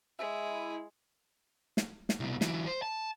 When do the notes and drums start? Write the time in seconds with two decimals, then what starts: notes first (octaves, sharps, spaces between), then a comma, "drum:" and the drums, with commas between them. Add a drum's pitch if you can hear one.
0.19 G#3 E4
1.77 drum: snare
2.09 drum: snare
2.20 C2 B2
2.41 E3 F#3, drum: snare
2.66 C5
2.82 A5